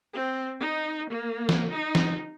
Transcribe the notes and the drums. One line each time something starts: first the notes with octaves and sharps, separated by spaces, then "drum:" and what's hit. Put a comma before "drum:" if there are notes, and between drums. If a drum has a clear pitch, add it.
C4
D#4
A#3
drum: snare
D#4
drum: snare